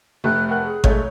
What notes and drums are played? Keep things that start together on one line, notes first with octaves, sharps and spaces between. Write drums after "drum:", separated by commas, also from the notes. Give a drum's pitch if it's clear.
F1 A3 F#6
A#4 F#5 G5 F#6
G#4
B1 G#3 A3 C#5 G6, drum: kick G#1